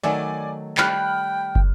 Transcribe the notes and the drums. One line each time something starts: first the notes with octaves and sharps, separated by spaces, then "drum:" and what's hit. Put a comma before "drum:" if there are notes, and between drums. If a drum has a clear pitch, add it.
D#3 F#3 A3 D5 G#5
G3 G5 B5 F6 F#6, drum: clap
drum: kick